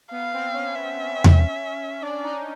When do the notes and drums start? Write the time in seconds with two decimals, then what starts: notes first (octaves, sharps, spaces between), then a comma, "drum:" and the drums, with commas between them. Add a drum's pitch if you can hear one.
0.11 B3 F5
0.33 C4
0.54 C#4
0.75 E5
1.24 drum: tom E2
2.02 D4 D5
2.23 D#4